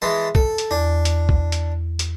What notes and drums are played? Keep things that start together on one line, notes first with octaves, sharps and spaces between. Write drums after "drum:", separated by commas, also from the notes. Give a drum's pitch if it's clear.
E3 G#3 A5
A4, drum: kick
drum: hi-hat
E2 D4
drum: hi-hat
drum: kick
drum: hi-hat
drum: hi-hat